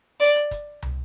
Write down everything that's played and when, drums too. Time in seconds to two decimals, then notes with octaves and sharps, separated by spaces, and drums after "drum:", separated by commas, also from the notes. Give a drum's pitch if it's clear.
0.20 D5, drum: hi-hat
0.36 drum: hi-hat
0.51 drum: kick, hi-hat
0.82 drum: tom